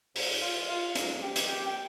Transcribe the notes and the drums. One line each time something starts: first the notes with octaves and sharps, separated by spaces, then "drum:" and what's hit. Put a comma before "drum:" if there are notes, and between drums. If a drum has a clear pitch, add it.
G#2, drum: open hi-hat
F4 F5
E3 G#3
F4 F5
G#2, drum: hi-hat
G4 G5
E3 G#3, drum: hi-hat
G4 G5
G5